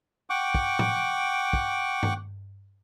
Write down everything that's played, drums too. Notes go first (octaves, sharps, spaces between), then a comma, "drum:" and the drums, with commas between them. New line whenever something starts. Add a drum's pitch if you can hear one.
F#5 G5 C#6 D6
drum: kick
drum: tom A2
drum: kick
drum: tom G2